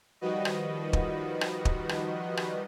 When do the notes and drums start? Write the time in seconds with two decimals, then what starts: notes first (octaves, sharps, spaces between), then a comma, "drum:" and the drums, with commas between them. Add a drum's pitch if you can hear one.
0.21 D#3 F3 G3 F#4 B4 D#5
0.45 drum: rim click
0.93 drum: kick
1.41 drum: rim click
1.65 drum: kick
1.89 drum: rim click
2.37 drum: rim click